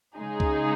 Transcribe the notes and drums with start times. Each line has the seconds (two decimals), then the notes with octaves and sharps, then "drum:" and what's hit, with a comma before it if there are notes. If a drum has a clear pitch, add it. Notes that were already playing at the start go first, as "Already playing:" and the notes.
0.17 C#3 G#3 D#4 G#4
0.40 drum: kick C2